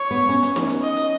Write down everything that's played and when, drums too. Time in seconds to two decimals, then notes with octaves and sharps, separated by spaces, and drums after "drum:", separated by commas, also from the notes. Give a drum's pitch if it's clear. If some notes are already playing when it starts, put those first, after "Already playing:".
Already playing: C#5
0.11 B3
0.29 C#4
0.43 drum: hi-hat
0.56 drum: snare
0.69 drum: hi-hat
0.83 D#5
0.96 drum: hi-hat